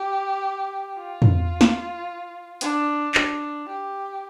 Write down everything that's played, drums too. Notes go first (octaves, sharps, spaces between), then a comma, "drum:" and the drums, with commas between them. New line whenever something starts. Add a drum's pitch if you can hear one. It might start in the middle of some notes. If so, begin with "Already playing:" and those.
Already playing: G4
F4
drum: tom
drum: snare
D4, drum: hi-hat
D4, drum: clap
G4